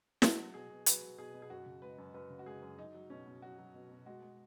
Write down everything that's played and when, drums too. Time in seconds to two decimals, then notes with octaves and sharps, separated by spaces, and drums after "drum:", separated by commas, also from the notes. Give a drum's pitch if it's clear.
0.22 F#3 F#4, drum: snare
0.39 F#3
0.54 B2 G#4
0.70 B2
0.86 F#3 B4, drum: hi-hat
1.02 F#3
1.18 B2 G#4
1.34 B2
1.42 G#4
1.50 F#2 F#4
1.66 C#3
1.82 G#3 B4
1.98 F#2
2.14 F#2 B4
2.30 C#3
2.39 F#4
2.46 G#3 G#4
2.62 F#2
2.78 F#3 D#4
2.94 F#3
3.10 B2 C#4
3.26 B2
3.42 F#3 F#4
3.59 F#3
3.74 B2
3.90 B2
4.06 G#3 F#4
4.22 G#3